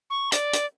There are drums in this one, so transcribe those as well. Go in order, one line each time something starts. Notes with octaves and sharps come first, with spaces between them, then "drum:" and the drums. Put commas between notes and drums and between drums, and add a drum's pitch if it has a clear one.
C#6
D5, drum: hi-hat
drum: hi-hat